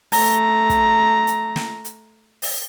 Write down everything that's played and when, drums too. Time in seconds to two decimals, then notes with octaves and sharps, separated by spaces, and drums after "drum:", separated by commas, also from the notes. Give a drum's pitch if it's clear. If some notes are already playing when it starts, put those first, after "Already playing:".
0.12 A3 A#5, drum: open hi-hat
0.69 drum: kick, hi-hat
1.27 drum: hi-hat
1.56 drum: snare
1.84 drum: hi-hat
2.42 drum: open hi-hat